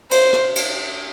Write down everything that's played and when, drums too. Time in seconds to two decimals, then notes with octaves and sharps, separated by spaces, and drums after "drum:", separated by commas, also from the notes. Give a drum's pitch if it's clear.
0.11 C5, drum: cymbal
0.33 drum: rim click
0.56 drum: cymbal